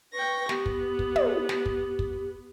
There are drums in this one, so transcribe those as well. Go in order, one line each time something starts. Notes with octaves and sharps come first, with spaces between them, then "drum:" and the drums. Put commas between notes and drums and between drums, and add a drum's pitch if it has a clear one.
B4 G5 C#6 A#6
B3 G4, drum: snare
drum: kick
drum: kick
drum: tom
drum: snare
drum: kick
drum: kick